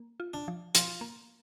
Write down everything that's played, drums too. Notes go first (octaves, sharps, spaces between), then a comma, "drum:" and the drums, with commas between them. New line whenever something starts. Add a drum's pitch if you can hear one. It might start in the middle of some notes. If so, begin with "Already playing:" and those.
Already playing: A#3
F4
D4
F3
F3 F4, drum: hi-hat
A#3